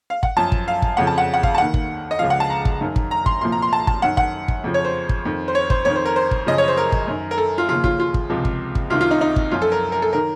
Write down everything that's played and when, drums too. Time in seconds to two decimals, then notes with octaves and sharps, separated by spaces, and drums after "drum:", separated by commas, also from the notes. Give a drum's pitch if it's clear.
0.10 F5
0.23 F#5, drum: kick
0.36 F#2 F3 A5
0.52 drum: kick
0.68 F5
0.82 drum: kick
0.97 F2 C#3 F3 F#5
1.07 A5
1.18 F#5
1.34 F#5
1.43 F5, drum: kick
1.55 A5
1.58 D#2 D#3 F#5
1.74 drum: kick
2.11 D#5
2.19 C#2 C#3 F3 F5
2.30 F#5
2.40 A5
2.50 A#5
2.65 drum: kick
2.81 F#2 D#3
2.96 drum: kick
3.11 A#5
3.26 C6, drum: kick
3.41 C2 A#2 F3 C6
3.52 A#5
3.62 C6
3.73 A5
3.87 A5, drum: kick
4.02 F#2 D#3 F#5
4.17 F#5, drum: kick
4.48 drum: kick
4.64 F2 C#3 F3
4.74 C#5
4.84 C5
5.09 drum: kick
5.25 F2 D#3
5.48 C5
5.55 C#5
5.70 C5, drum: kick
5.85 F2 D#3 C#5
5.96 C5
6.05 A#4
6.16 C5
6.31 drum: kick
6.46 F#2 C#3 F3 D#5
6.58 C#5
6.68 C5
6.77 A#4
6.92 drum: kick
7.07 F#2 D#3
7.31 A#4
7.38 A4
7.58 F4
7.68 D#2 C#3 F3 F4
7.84 F4, drum: kick
8.00 F4
8.14 drum: kick
8.30 C#2 C3 F3
8.45 drum: kick
8.75 drum: kick
8.90 C2 C3 D#3 F4
9.01 F4
9.11 D#4
9.21 D#4
9.36 drum: kick
9.51 F#2 F3 F4
9.62 A4
9.72 A#4
9.92 A#4
10.02 A4
10.13 D#3 A#4